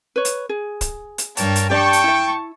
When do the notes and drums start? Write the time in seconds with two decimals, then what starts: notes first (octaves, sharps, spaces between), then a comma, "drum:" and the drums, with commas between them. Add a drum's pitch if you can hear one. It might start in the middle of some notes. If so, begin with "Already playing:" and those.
0.16 B4 C#5
0.25 drum: hi-hat
0.49 G#4
0.81 drum: kick, hi-hat
1.18 drum: hi-hat
1.37 G2 A#4 C#5 G5 A5, drum: hi-hat
1.56 drum: hi-hat
1.70 G4 C#5 D5 G5 A5 C#6
1.93 drum: hi-hat
2.04 E4 E5